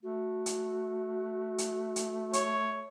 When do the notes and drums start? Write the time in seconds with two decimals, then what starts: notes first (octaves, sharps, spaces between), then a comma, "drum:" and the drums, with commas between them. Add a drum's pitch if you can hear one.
0.03 A3 F#4
0.46 drum: hi-hat
1.58 drum: hi-hat
1.96 drum: hi-hat
2.33 C#5, drum: hi-hat